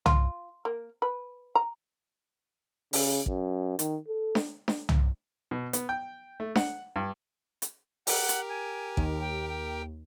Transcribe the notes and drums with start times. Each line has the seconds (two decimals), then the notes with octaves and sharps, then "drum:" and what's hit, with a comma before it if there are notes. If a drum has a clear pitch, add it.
0.06 F4, drum: tom
0.65 A#3
1.02 B4
1.55 A#5
2.93 C#3, drum: open hi-hat
3.26 F#2, drum: kick
3.79 D#3, drum: hi-hat
4.08 A4
4.35 drum: snare D4
4.68 drum: snare D4
4.89 drum: tom
5.51 B2
5.73 B3, drum: hi-hat
5.89 G5
6.40 A3
6.55 F#5, drum: snare D4
6.96 G2
7.62 drum: hi-hat
8.07 G4 A#4 F#5, drum: open hi-hat
8.29 drum: hi-hat
8.49 G#5
8.97 D#2, drum: kick
9.20 G5
9.49 G5